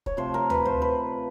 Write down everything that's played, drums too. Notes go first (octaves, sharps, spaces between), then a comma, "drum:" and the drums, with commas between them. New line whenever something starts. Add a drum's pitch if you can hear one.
C#5, drum: kick
C3 F3 A3 C5
A#4
B4, drum: tom D2
C5
B4